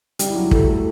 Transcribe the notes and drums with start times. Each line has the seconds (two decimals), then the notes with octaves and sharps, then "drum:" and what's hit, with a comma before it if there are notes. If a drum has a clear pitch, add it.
0.19 G3 G4, drum: hi-hat
0.27 E4
0.35 F#3 F#4
0.51 A3 A4, drum: kick
0.68 A3 A4